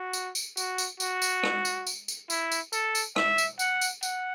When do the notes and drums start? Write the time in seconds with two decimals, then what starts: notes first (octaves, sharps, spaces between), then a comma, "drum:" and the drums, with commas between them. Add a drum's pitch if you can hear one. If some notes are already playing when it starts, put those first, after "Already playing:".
Already playing: F#4
0.13 drum: tambourine
0.35 drum: tambourine
0.57 F#4, drum: tambourine
0.78 drum: tambourine
1.00 F#4, drum: tambourine
1.22 drum: tambourine
1.43 drum: rim click
1.65 drum: tambourine
1.87 drum: tambourine
2.08 drum: tambourine
2.30 E4, drum: tambourine
2.52 drum: tambourine
2.73 A4, drum: tambourine
2.95 drum: tambourine
3.16 E5, drum: rim click
3.38 drum: tambourine
3.59 F#5, drum: tambourine
3.81 drum: tambourine
4.03 F#5, drum: tambourine